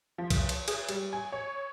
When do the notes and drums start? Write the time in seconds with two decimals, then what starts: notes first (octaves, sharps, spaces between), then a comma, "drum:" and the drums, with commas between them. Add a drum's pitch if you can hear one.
0.18 F3
0.30 drum: kick B1, cymbal
0.49 drum: cymbal
0.68 G#4, drum: cymbal
0.89 G3, drum: cymbal
1.13 G#5
1.32 C#5